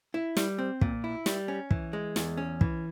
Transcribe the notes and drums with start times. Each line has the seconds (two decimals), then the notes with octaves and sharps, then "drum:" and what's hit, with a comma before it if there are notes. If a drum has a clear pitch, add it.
0.14 E4
0.37 G3, drum: snare
0.58 C4
0.81 A#2, drum: kick
1.04 E4
1.26 G3, drum: snare
1.48 C#4
1.71 E3, drum: kick
1.93 G#3
2.16 E2, drum: snare
2.37 C#4
2.61 E3, drum: kick